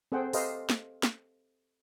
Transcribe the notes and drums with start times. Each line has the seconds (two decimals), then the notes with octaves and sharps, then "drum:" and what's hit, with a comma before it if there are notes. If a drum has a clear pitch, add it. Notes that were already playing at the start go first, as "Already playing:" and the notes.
0.12 C4 G#4 A4 C5 F#5 G5
0.33 G4 A4 B4 C5 D#5 F5, drum: open hi-hat
0.70 drum: snare
1.03 drum: snare